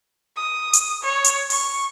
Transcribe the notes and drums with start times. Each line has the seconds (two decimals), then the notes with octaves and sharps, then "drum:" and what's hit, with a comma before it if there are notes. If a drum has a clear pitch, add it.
0.36 D#6
0.73 drum: hi-hat
1.03 C#5
1.24 drum: hi-hat
1.50 C#6, drum: open hi-hat